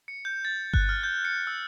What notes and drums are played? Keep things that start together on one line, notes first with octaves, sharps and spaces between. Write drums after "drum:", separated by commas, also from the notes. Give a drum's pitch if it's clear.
C#7
G6
A6
F#6, drum: kick G1
F6
G6
C#7
E6